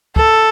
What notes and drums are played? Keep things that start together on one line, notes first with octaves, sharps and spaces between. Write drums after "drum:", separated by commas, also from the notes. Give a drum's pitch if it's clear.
A4, drum: kick